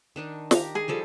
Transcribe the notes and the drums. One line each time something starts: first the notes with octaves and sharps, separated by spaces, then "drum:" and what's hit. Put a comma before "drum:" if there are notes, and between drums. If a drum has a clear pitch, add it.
D#3 D4 D#4
G4 A#5, drum: snare
G#4
F3 G3 A4